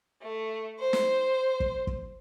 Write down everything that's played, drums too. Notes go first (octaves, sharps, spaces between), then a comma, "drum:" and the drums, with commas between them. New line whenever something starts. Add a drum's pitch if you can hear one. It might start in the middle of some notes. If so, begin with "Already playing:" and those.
A3
C5
drum: snare
drum: kick
drum: kick